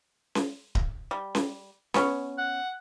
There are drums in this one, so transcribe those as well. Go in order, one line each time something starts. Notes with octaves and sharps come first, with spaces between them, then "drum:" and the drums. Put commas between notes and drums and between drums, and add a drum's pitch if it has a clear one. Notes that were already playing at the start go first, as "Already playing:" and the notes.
drum: snare C#4
drum: kick D1
G3
drum: snare C#4
B3 C#4, drum: snare C#4
F#5